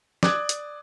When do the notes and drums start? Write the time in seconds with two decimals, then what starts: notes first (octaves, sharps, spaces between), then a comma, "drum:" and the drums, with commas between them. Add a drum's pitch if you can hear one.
0.23 D5 D6 D#6 F#6 G#6, drum: snare
0.49 drum: hi-hat